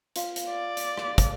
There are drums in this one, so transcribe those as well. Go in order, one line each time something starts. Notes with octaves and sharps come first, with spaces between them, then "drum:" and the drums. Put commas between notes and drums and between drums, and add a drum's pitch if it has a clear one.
F4, drum: hi-hat
drum: hi-hat
D5
drum: hi-hat
drum: rim click
drum: kick, hi-hat